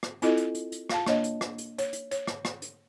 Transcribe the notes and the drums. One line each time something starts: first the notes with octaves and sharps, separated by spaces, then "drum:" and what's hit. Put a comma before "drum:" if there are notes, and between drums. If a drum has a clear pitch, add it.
drum: rim click
C4 E4 F4 A4 D#5, drum: hi-hat
drum: hi-hat
drum: hi-hat
drum: hi-hat
F4 F5 A5, drum: rim click
A#3 D4 C#5 D#5, drum: rim click
drum: hi-hat
drum: rim click
drum: hi-hat
C#5, drum: hi-hat
drum: hi-hat
C#5, drum: hi-hat
drum: rim click
drum: rim click
drum: hi-hat